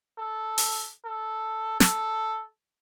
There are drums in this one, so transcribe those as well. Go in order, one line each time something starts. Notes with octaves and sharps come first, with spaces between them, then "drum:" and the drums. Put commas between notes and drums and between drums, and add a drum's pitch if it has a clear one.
A4
drum: open hi-hat
A4
A4, drum: snare